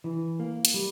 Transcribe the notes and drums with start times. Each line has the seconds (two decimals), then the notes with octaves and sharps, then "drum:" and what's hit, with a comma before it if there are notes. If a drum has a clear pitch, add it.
0.04 E3
0.40 A#3
0.65 drum: hi-hat
0.74 G3